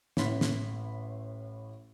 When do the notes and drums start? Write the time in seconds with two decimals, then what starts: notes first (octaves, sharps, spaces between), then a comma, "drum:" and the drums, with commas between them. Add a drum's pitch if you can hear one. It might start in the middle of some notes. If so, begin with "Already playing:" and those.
0.17 A1 A2 E4 B5 C6 B6, drum: snare
0.41 drum: snare